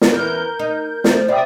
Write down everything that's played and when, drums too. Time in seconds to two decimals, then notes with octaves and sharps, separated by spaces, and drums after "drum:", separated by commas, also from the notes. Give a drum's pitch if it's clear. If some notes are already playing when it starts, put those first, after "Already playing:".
0.01 drum: snare
0.13 E2 E3 C#4 A#4 G6
0.59 D#4
1.04 F3 A3, drum: snare
1.28 C3 G3 C4 D5 E5 D#6